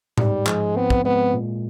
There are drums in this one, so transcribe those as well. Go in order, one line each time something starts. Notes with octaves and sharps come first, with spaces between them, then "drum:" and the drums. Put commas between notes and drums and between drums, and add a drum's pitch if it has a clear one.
G#2 G3, drum: tom A2
F3 G#3, drum: clap
B3 C4
drum: kick
G#3 B3
A#2